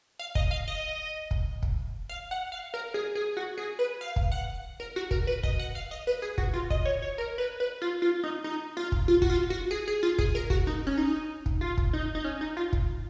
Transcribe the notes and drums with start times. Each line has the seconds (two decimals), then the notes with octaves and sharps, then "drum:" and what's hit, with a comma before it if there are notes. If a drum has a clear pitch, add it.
0.19 F5
0.35 D#5, drum: kick
0.51 F5
0.68 D#5
1.31 drum: kick
1.62 drum: kick
2.09 F5
2.31 F#5
2.52 F5
2.74 A#4
2.94 G#4
3.15 G#4
3.37 F#4
3.57 G#4
3.79 B4
4.01 F5
4.16 drum: kick
4.32 F#5
4.80 A#4
4.96 F#4
5.11 A#4, drum: kick
5.27 B4
5.43 D#5, drum: kick
5.59 F#5
5.75 F5
5.91 D#5
6.07 B4
6.22 G#4
6.38 F#4, drum: kick
6.54 F4
6.70 D#5, drum: kick
6.85 C#5
7.02 C#5
7.18 A#4
7.38 B4
7.60 B4
7.82 F4
8.02 F4
8.23 D#4
8.44 D#4
8.77 F4
8.92 drum: kick
9.08 F4
9.22 F#4, drum: kick
9.30 F4
9.50 F#4
9.71 G#4
9.88 G#4
10.03 F4
10.18 G#4, drum: kick
10.35 A#4
10.50 F#4, drum: kick
10.67 D#4
10.87 C#4
10.98 D#4
11.46 drum: kick
11.61 F4
11.77 drum: kick
11.93 D#4
12.15 D#4
12.24 C#4
12.41 D#4
12.57 F4
12.73 drum: kick